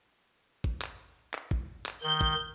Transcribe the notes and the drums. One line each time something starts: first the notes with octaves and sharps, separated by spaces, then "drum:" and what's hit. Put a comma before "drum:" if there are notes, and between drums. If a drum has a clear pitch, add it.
drum: kick
drum: clap
drum: clap
drum: kick
drum: clap
D#3 G6
drum: kick